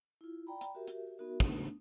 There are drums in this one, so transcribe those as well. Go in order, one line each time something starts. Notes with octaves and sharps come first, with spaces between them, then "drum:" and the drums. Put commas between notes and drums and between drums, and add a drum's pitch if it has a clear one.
E4 F4
D5 G5 A#5 B5
drum: hi-hat
F#4 G4 A#4 E5
drum: hi-hat
B3 D#4 F#4 A#4 E5
A3 B3 D4 D#4, drum: kick, hi-hat